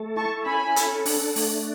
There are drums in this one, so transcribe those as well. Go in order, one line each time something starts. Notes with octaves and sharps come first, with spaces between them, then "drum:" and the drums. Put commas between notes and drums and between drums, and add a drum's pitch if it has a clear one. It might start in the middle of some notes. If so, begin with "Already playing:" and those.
Already playing: A3 A4
E4 A5 C#6
C#4 G#5 B5
A4, drum: hi-hat
D4, drum: open hi-hat
A3, drum: open hi-hat